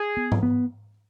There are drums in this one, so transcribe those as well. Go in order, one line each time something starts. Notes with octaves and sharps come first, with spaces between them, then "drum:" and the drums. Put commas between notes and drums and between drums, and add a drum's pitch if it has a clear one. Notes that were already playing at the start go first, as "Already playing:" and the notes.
Already playing: G#4
B3
drum: tom G#2
B3